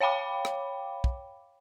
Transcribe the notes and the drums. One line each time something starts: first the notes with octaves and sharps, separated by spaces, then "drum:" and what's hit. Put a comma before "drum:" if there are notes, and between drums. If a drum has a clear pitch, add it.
C#5 F5 G5 B5 D6
drum: rim click
drum: kick